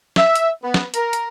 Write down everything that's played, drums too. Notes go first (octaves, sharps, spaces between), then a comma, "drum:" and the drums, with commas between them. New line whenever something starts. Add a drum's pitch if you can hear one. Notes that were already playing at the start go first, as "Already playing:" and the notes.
E5, drum: snare
drum: hi-hat
B3
drum: snare
A#4, drum: hi-hat
drum: hi-hat